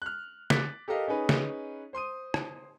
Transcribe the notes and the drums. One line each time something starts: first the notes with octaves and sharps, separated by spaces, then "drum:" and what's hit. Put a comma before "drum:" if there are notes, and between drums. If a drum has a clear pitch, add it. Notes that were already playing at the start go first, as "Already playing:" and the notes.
F6 F#6
D6 F#6 A6 B6, drum: snare
G4 A4 A#4 D#5 F5
C#4 D#4 G#4 B4
drum: snare
C5 C6 D#6 D#7
drum: rim click